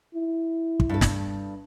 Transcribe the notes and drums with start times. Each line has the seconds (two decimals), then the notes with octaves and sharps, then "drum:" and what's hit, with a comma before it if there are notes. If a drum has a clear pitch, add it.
0.14 E4
0.80 drum: kick
0.89 G2 A4
1.01 drum: snare